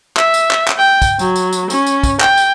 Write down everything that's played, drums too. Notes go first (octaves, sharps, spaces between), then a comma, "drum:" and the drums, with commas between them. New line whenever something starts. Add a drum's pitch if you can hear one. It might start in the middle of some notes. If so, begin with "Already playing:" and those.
E5, drum: clap
drum: tambourine
drum: clap
drum: clap
G5
drum: kick, tambourine
F#3, drum: tambourine
drum: tambourine
drum: tambourine
C#4, drum: tambourine
drum: tambourine
drum: kick, tambourine
G5, drum: clap
drum: tambourine